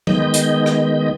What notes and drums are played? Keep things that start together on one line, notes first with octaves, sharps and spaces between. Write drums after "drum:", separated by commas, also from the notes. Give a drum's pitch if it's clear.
D#3 G#3 B3 D#5 G6, drum: tom F#3
drum: hi-hat
drum: rim click